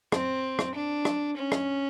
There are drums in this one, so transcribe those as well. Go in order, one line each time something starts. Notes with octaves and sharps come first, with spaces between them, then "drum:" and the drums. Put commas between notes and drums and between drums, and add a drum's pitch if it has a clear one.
C4, drum: rim click
drum: rim click
D4
drum: rim click
C#4
drum: rim click